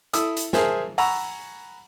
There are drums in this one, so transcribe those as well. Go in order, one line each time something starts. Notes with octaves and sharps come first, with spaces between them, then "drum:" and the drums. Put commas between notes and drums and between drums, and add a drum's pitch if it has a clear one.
E4 A4 D#6 E6, drum: hi-hat
drum: hi-hat
G#4 A#4 C5 E5 G#5 A5, drum: snare
F#5 G#5 A#5 B5 C#6 E6, drum: open hi-hat